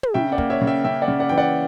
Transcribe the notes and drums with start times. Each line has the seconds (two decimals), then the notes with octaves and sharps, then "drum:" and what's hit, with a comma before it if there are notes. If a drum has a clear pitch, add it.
0.03 drum: tom
0.14 C#3 E5 G5
0.32 D5 F#5
0.38 A#3, drum: kick
0.50 C#5 E5
0.61 C#3
0.67 E5 G5
0.84 C#3 E5 G5
1.02 D5 F#5
1.08 C#3
1.20 D5 F#5
1.29 E3 G5
1.38 D5 F#5